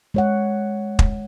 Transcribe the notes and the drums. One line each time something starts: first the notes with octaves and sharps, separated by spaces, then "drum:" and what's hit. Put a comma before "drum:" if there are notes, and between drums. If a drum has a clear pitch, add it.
G#3 C#5 F#5
drum: kick